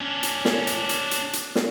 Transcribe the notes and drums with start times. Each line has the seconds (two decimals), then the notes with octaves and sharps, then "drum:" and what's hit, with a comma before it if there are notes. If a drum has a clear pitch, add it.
0.01 C#4 D4
0.23 drum: hi-hat
0.45 drum: snare
0.67 drum: hi-hat
0.89 drum: hi-hat
1.11 drum: hi-hat
1.33 drum: hi-hat
1.55 drum: snare